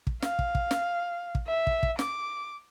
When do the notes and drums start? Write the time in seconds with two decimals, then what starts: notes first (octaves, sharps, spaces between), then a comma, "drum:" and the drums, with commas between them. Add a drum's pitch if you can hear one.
0.07 drum: kick
0.22 F5, drum: snare
0.39 drum: kick
0.55 drum: kick
0.71 drum: snare
1.35 drum: kick
1.47 E5
1.67 drum: kick
1.83 drum: kick
1.99 D6, drum: snare